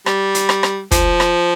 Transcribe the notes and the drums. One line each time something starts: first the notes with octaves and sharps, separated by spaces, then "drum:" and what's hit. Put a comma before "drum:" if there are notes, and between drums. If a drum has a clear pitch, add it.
G3, drum: rim click
drum: hi-hat
drum: rim click
drum: rim click
F3, drum: kick, hi-hat
drum: rim click